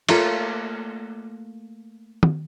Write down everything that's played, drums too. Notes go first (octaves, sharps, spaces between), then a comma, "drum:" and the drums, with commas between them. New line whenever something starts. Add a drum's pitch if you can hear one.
A3 A#3 F4 A4, drum: cymbal
drum: tom